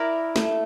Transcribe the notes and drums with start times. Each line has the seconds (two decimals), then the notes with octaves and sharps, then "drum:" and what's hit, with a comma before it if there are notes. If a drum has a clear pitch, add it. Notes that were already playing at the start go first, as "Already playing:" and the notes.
Already playing: E4 A#4 D5
0.36 A3, drum: snare